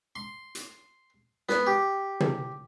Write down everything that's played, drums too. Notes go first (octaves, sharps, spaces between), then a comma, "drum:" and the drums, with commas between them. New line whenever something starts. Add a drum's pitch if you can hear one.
C6
drum: hi-hat
B3, drum: snare
G4
drum: tom